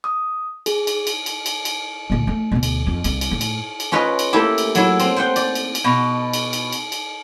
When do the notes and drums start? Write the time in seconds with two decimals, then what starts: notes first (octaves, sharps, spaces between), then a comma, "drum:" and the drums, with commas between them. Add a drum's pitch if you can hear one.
0.04 D#6
0.66 G#4, drum: cymbal
0.87 drum: cymbal
1.07 drum: cymbal
1.26 drum: cymbal
1.46 drum: cymbal
1.65 drum: cymbal
2.10 D2 A#2
2.27 A3
2.52 D2 B2
2.63 drum: cymbal
2.86 F2
3.04 C2, drum: cymbal
3.21 drum: cymbal
3.31 A2
3.41 drum: cymbal
3.80 drum: cymbal
3.92 C#4 F4 B4 D#5
4.19 drum: cymbal
4.33 A3 A#3 E4 G4
4.58 drum: cymbal
4.75 F#3 E4, drum: cymbal
5.00 C4, drum: cymbal
5.16 C5 F#5 G5
5.36 D5, drum: cymbal
5.55 drum: cymbal
5.75 drum: cymbal
5.84 B2
6.33 drum: cymbal
6.53 drum: cymbal
6.72 drum: cymbal
6.92 drum: cymbal